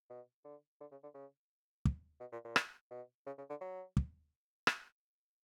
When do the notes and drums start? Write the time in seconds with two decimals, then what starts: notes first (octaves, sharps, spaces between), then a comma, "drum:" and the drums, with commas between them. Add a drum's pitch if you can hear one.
0.10 B2
0.44 D3
0.80 D3
0.91 C#3
1.03 D3
1.14 C#3
1.85 drum: kick
2.20 B2
2.32 A#2
2.44 A#2
2.56 drum: rim click
2.91 B2
3.26 C#3
3.38 C#3
3.50 D3
3.61 F#3
3.97 drum: kick
4.67 drum: rim click